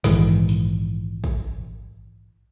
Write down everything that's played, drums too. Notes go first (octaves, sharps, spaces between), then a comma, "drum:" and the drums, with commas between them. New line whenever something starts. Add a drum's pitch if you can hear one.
A#1 G#2 D#3 E3, drum: snare
drum: hi-hat
drum: kick